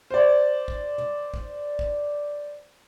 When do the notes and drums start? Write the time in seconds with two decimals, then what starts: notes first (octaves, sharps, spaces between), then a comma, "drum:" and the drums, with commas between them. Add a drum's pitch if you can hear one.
0.11 C5 D5
0.68 drum: kick
0.98 drum: tom
1.34 drum: kick
1.79 drum: kick